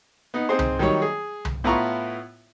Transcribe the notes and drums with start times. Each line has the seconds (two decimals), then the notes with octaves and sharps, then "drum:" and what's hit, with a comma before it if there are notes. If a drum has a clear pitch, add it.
0.34 B3 D#4
0.49 C4 D#4 G#4 C5
0.59 drum: tom C2
0.79 D#3 F#3 G3 D#4 C#5
1.02 G#4
1.45 drum: tom C2
1.64 A2 B3 E4 F4 A#5 C#6